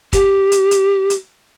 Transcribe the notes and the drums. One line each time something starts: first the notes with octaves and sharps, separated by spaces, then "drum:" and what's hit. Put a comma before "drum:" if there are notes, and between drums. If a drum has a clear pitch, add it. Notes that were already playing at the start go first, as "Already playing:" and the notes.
G4, drum: kick, hi-hat
drum: hi-hat
drum: hi-hat
drum: hi-hat